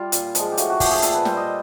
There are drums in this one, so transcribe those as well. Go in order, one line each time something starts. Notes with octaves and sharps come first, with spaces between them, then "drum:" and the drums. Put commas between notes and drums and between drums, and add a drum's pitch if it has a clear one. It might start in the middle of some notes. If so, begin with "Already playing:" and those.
Already playing: G3 F4
A#2, drum: hi-hat
F3 G#3, drum: hi-hat
G4
A2 F#4, drum: hi-hat
F#4
F3 A3 G4, drum: kick, open hi-hat
G#4
A#2 A4, drum: hi-hat
B4
G3 C5, drum: snare
D#5